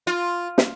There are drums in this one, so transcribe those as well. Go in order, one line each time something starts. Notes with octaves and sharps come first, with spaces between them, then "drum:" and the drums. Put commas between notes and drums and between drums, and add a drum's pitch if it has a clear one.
F4
drum: snare